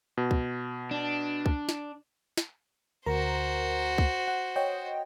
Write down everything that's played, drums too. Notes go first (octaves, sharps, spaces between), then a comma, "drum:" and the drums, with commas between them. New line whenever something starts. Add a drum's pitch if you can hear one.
B2
drum: kick
D4
drum: kick
drum: snare
drum: snare
D2 F#4 A#4 C5 A#5
drum: kick
F#5
C#5 D#5 G5